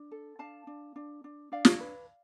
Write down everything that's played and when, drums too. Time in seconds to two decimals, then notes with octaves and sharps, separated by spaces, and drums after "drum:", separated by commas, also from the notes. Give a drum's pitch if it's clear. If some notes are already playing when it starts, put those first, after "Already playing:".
Already playing: D4
0.11 A4
0.39 D4 F5 A5
0.67 D4
0.96 D4
1.24 D4
1.52 D4 D5 F5
1.65 drum: snare
1.80 B4